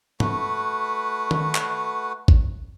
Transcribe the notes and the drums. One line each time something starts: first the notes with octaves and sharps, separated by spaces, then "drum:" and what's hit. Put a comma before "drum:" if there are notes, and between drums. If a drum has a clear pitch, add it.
A3 F#4 B4 F#5, drum: tom G#2
drum: tom D#3
drum: clap
drum: kick G#1